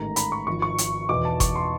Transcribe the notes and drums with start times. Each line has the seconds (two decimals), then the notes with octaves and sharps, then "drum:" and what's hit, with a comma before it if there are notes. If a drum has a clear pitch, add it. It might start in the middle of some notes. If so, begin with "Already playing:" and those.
Already playing: A1 G#2 D#3 A#5
0.16 B5, drum: hi-hat
0.32 C#6
0.47 G#1 G#2 F3 C#6
0.62 C#6
0.78 drum: hi-hat
1.09 E2 B2 D6
1.25 A5
1.40 C#6, drum: kick F#1, hi-hat
1.56 C6